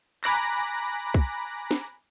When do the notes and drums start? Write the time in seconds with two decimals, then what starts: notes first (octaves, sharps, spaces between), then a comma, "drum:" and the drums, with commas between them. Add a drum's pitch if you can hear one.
0.24 G#5 A#5 B5 D6 F#6 A#6, drum: clap
1.14 drum: kick
1.71 drum: snare